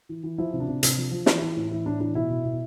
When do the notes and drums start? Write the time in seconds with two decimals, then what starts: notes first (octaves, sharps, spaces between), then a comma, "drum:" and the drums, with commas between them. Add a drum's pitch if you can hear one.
0.09 E3
0.23 E3
0.38 F3 E4
0.53 C3
0.60 D4
0.68 C3
0.83 C3, drum: hi-hat
0.98 F3
1.11 F3
1.26 E3, drum: snare
1.41 E3
1.57 A2
1.71 E3 E4
1.86 A2 D4
2.00 E3 D4
2.15 B2 E4
2.30 B2
2.45 B2